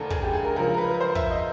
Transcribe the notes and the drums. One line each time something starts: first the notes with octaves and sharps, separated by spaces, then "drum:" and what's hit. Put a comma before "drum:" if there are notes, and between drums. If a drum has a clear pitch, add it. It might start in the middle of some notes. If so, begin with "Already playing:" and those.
Already playing: D2 C#3 E3 A4 A#4
G#4, drum: kick
G4
G#4
A#4
C#2 C#3 F3 A#4
A#4
B4
B4
C5
E5, drum: kick
D#5